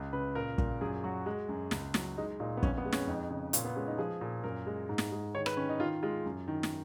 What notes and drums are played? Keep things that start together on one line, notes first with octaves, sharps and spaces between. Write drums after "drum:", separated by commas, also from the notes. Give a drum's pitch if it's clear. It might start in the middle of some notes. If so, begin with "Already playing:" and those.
Already playing: C#2
C#3 B4
A#2 A#4
A#2, drum: kick
F#2 G#4
F#3 F#4
G#3
F#2
C#2, drum: snare
F#3, drum: snare
G#3 D#4
A#2 D#4
B3
F2 C#4, drum: kick
B3
G#3
C#4, drum: snare
F2 D#4
C#3
A#2 C#4, drum: hi-hat
B3
G#3 C#4
D#4
F3 G#4
A#2
F#2 A#4
G#3
G#2
drum: snare
G#3
D#3 C#5
B4, drum: rim click
D#3 C#4
D#4
D#3 F4
G#3 F4
F#2
D#3
drum: snare